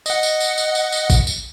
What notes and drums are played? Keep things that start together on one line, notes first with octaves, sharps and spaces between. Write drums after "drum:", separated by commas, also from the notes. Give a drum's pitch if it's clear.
D#5 F#5, drum: tambourine
drum: tambourine
drum: tambourine
drum: tambourine
drum: tambourine
drum: tambourine
drum: kick A1, tambourine
drum: tambourine